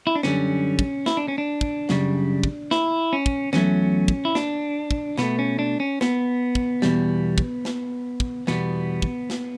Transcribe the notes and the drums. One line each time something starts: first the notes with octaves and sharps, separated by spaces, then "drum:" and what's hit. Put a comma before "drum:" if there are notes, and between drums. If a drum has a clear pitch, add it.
E4
D4
F#2 D3 G3 C#4, drum: snare
drum: kick
E4, drum: snare
D4
C#4
D4
drum: kick
F#2 C#3 G3, drum: snare
drum: kick
E4, drum: snare
C#4
drum: kick
E2 D3 F#3 A3 C#4, drum: snare
drum: kick
E4
D4, drum: snare
drum: kick
B2 A3 B3, drum: snare
C#4
D4
C#4
B3, drum: snare
drum: kick
E2 B2 G3, drum: snare
drum: kick
drum: snare
drum: kick
E2 B2 G3 B3, drum: snare
drum: kick
drum: snare